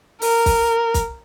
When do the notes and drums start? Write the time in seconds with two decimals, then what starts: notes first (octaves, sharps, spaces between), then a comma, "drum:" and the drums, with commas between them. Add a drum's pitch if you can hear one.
0.22 A#4, drum: open hi-hat
0.46 drum: kick, open hi-hat
0.94 drum: kick, hi-hat